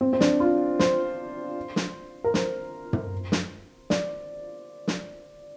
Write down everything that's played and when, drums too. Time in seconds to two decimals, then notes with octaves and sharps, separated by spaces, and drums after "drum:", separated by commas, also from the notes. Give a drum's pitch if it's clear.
0.01 C4
0.13 C4
0.20 D4, drum: snare
0.40 F4
0.79 C5, drum: snare
1.76 drum: snare
2.24 A#4
2.34 C5, drum: snare
2.93 drum: tom
3.32 drum: snare
3.90 D5, drum: snare
4.88 drum: snare